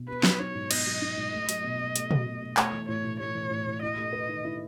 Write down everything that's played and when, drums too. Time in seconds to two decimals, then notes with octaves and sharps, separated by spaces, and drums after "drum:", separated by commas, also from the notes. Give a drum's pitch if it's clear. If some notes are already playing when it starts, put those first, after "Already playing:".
Already playing: B2
0.08 B3 B4
0.23 F#3, drum: snare
0.39 D#4 C#5
0.55 G#2
0.71 B3 D#5, drum: cymbal
0.86 F#3
1.02 D#4
1.17 G#2
1.32 A3
1.49 F#3, drum: hi-hat
1.64 B2
1.79 B2
1.96 A3, drum: hi-hat
2.11 F#3, drum: tom
2.26 B2
2.42 B2
2.57 A3 C#5, drum: clap
2.73 E3
2.88 A2 C#5
3.04 A2
3.19 A3 C#5
3.35 E3
3.51 A2
3.67 A2
3.82 E4 D#5
3.98 A3
4.13 B4
4.29 D#3
4.44 E4